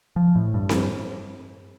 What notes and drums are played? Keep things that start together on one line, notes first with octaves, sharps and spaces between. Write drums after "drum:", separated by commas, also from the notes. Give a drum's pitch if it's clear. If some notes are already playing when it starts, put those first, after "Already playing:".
F3
A2
G2
drum: snare C4